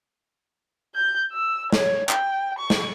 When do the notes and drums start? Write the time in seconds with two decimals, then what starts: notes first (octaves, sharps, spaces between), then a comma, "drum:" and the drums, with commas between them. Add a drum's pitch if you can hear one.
0.95 G6
1.32 E6
1.73 C#5, drum: snare
2.09 G5, drum: clap
2.59 C#6
2.70 drum: snare